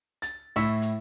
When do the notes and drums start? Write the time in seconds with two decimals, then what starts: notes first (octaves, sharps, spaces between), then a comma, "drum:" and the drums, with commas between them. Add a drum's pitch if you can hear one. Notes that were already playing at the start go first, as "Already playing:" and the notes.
0.22 A6, drum: hi-hat
0.56 A2 E4 C#6 E6 B6
0.82 drum: hi-hat